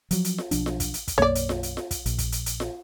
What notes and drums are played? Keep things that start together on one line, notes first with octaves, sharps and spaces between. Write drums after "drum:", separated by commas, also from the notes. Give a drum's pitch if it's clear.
F3 F#3, drum: hi-hat
drum: hi-hat
drum: snare F4
B1 F3 D4, drum: hi-hat
drum: snare F4
drum: kick, hi-hat
drum: hi-hat
drum: kick, hi-hat
B1 F#2 A#3 C#5 D5
drum: hi-hat
drum: snare F4
drum: hi-hat
drum: snare F4
drum: kick, hi-hat
A#1, drum: hi-hat
drum: kick, hi-hat
drum: hi-hat
drum: hi-hat
drum: snare F4